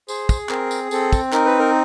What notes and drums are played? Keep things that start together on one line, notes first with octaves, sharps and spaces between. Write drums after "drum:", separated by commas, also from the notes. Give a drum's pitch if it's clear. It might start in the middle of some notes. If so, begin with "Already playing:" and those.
G#4 C5, drum: tambourine
drum: kick, tambourine
C4 A#4, drum: clap
drum: tambourine
C4 A4, drum: tambourine
drum: kick, tambourine
D#4 A#4, drum: clap
B4
A#4